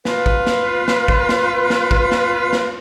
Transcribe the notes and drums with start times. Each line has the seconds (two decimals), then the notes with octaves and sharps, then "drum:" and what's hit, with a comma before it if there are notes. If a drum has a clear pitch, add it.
0.05 F4 B4, drum: snare
0.26 drum: kick
0.47 drum: snare
0.88 drum: snare
1.08 drum: kick
1.29 drum: snare
1.70 drum: snare
1.91 drum: kick
2.11 drum: snare
2.53 drum: snare